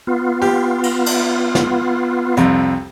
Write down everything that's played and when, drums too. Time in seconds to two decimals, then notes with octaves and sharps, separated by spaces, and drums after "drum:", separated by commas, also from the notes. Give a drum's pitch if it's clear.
0.07 B3 F4
0.42 G4, drum: open hi-hat
0.83 drum: cymbal
1.06 drum: cymbal
1.55 drum: snare
2.37 C2 F2, drum: hi-hat